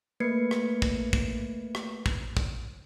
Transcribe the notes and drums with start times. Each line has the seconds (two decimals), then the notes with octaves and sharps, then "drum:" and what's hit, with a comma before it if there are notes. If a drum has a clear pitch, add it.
0.20 A3 A#3 B4 G#6 C7 C#7
0.51 drum: rim click
0.82 drum: kick
1.13 drum: kick
1.75 drum: rim click
2.06 drum: kick
2.37 drum: kick